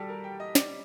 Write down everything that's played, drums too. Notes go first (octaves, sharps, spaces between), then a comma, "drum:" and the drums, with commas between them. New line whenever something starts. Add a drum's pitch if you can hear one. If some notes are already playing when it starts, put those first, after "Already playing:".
Already playing: G3 F#4 G4 A4
A#4
G5
D#5
D5, drum: snare